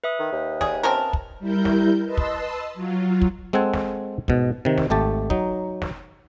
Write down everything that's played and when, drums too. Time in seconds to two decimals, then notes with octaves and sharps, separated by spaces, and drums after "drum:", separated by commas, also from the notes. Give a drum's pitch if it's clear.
0.04 B4 E5 D#6
0.19 D#3
0.32 D#2
0.61 G#4 D5, drum: snare
0.83 C4 C#4 A#4 A5
1.13 drum: kick
1.39 G3 E4 A#4 G6
1.65 drum: snare
2.04 B4 D#5 A5 C6 E6
2.17 drum: kick
2.74 F#3 F4
3.22 drum: kick
3.53 G#3 C4 A4 F#5 G#5
3.74 drum: snare
4.28 G#2 B2, drum: kick
4.65 C3 D#3
4.78 drum: snare
4.90 G#1 A3 G4 A5
5.30 F#3 D#4, drum: kick
5.82 drum: snare